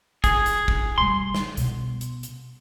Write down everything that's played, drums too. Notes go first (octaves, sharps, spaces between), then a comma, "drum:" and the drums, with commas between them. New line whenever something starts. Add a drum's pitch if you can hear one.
G#4, drum: kick, hi-hat
drum: hi-hat
drum: kick
B2 G3 C6
drum: snare
B2 B3, drum: hi-hat
drum: hi-hat
drum: hi-hat